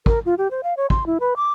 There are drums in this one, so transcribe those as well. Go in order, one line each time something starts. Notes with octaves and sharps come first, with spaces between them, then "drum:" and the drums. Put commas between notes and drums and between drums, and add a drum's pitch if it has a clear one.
A#4, drum: kick
F4
G4
C5
F5
C#5
C6, drum: kick
E4
B4
D6